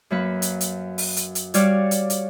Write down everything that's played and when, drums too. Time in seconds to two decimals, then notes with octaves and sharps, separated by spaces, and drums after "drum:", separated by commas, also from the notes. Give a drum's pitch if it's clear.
0.10 F#2 F#3 A#3 B4
0.42 drum: hi-hat
0.61 drum: hi-hat
0.98 drum: open hi-hat
1.17 drum: hi-hat
1.35 drum: hi-hat
1.54 G3 F#4 C#5 D5 F5, drum: hi-hat
1.91 drum: hi-hat
2.10 drum: hi-hat